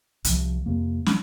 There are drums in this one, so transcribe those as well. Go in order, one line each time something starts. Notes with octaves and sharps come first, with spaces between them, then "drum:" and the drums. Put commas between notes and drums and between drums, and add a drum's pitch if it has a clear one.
C2 C3 F3, drum: hi-hat
F2 C3 A#3
D4, drum: snare